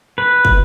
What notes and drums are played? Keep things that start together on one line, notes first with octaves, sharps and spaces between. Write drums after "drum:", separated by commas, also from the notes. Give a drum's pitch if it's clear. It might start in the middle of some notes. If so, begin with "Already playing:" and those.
B4
drum: kick